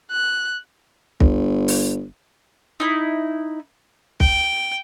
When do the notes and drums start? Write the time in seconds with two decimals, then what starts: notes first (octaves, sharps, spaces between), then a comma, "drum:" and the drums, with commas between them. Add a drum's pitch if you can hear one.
0.11 F#6
1.20 G1, drum: kick
1.68 drum: open hi-hat
2.80 D#4 E4
4.20 G5, drum: kick